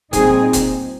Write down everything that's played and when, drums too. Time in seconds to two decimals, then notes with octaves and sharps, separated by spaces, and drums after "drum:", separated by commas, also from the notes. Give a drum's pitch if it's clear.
0.13 A#2 G3 C4 D#4 G#4, drum: kick E1, hi-hat
0.53 drum: kick E1, hi-hat